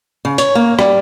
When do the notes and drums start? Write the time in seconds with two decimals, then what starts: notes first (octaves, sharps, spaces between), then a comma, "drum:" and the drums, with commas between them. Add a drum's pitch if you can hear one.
0.25 C#3
0.38 C#5, drum: hi-hat
0.55 A#3
0.79 G3, drum: rim click